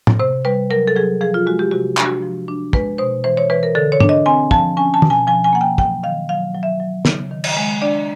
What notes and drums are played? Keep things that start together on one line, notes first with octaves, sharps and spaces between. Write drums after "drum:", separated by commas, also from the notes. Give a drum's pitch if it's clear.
drum: tom
C3 C5
G3 B4
F#3 A#4
A4
F#3 G#4
F3 G#4
F4
G#3 F#4
G4
C3 F#4
D4, drum: clap
F#4
F3
D4
G#3 B4, drum: kick
B2 C5
E3 C5
C#5
E3 B4
A#4
D3 A4
C#5
D4, drum: tom
D#5
C4 G#5
F3 A5, drum: kick
C#4 G#5
A5
B2, drum: tom
G#5
F3 G#5
G#5
A#3 F#5
G5
F#3 G5, drum: kick
D#3 F5
F#3 F5
F#3
E5
F#3
C#3, drum: snare
D#3
drum: cymbal
G#3
D4 D5